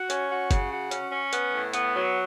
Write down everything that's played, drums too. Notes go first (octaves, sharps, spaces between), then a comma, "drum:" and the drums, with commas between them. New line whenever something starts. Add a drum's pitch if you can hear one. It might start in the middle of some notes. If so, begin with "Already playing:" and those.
Already playing: F#4
C#4, drum: hi-hat
F#4
C#3, drum: kick, hi-hat
F#4
C#4, drum: hi-hat
C#4
B3, drum: hi-hat
A2
B3, drum: hi-hat
F#3